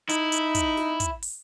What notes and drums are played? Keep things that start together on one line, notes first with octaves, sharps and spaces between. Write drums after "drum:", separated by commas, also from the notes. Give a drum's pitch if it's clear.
D#4 E4, drum: hi-hat
drum: hi-hat
drum: kick, hi-hat
drum: snare
drum: kick, hi-hat
drum: open hi-hat